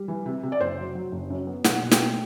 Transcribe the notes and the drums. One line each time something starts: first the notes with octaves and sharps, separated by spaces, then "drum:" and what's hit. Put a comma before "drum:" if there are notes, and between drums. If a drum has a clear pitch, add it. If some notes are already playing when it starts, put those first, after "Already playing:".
Already playing: G3
E3
C3
C3
D5
F#1 C5
F#3
F#3
F#1
F#2
B3
B1 F#5, drum: snare
B2
G5, drum: snare
A3